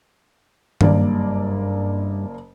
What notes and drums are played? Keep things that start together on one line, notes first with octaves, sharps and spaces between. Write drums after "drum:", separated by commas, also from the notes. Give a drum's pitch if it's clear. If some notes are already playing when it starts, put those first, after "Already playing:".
F#1 G2 A#3 D5, drum: tom G2